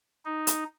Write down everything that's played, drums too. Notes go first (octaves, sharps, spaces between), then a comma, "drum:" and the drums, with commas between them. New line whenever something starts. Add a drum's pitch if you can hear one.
D#4
drum: hi-hat